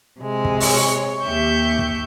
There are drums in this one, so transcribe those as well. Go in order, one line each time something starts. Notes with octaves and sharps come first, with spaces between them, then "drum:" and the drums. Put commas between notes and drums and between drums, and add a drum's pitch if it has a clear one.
C3 G#3
drum: kick
C#5, drum: open hi-hat
D#2 G4 E5 C#6 G6
drum: kick